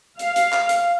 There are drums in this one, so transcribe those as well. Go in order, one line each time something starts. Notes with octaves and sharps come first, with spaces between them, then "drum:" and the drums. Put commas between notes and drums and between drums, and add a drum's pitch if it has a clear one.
F5, drum: hi-hat
drum: hi-hat
drum: clap
drum: hi-hat